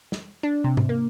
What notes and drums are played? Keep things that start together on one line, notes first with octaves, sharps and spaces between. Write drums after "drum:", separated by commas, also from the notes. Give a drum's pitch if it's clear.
drum: snare
D4
C3
drum: tom G#2
A#3